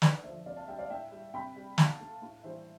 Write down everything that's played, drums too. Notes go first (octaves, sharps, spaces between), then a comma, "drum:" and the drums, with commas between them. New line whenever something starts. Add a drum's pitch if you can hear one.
D3 B4 D5, drum: snare
A3 C5 E5
F3
C3 D5 F5
F5 A5
G3 E5 G5
D5 F5
A2 E5 G5
G3
C3 G5 B5
G3
B2 F5 A5, drum: snare
A3
A2
E3 G3 C5 E5